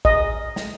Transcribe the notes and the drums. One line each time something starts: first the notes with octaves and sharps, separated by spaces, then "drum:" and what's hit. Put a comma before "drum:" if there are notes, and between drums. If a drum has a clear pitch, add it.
D#5, drum: kick
drum: snare